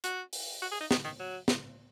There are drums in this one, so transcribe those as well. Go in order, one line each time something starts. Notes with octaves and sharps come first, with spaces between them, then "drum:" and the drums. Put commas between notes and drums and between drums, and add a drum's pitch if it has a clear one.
F#4, drum: hi-hat
drum: open hi-hat
F#4
G#4
D#4
D#3, drum: snare
D#3
F#3
drum: snare